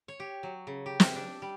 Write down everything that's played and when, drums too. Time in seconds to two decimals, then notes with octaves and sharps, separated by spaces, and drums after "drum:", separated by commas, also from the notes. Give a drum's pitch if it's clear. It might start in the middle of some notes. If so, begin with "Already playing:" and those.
0.08 C#5
0.20 G4
0.43 F#3
0.67 C#3
0.86 G4
1.00 E5, drum: snare
1.16 D4
1.42 G3